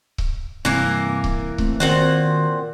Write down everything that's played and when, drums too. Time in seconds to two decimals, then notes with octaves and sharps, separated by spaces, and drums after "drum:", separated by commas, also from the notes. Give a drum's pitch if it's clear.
0.18 drum: kick C#1
0.65 G2 C3 E3 A#3, drum: snare
1.24 drum: kick C#1
1.58 A3 C4, drum: kick C#1
1.80 A#2 D#3 C4 F#4 F#5